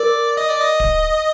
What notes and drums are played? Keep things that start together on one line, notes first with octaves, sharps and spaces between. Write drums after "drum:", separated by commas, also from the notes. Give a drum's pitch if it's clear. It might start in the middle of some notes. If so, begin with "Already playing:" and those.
Already playing: A#4 D5
D#5
D5
D#5
drum: kick D1